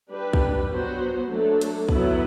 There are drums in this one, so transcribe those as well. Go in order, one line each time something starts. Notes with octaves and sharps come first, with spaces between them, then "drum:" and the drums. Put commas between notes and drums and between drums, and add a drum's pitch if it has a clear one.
G3 D4 G4 B4
drum: kick B1
F#3 B3 F#4 C5
F#3 A3 D4 A4
drum: hi-hat
F#3 B3 E4, drum: kick B1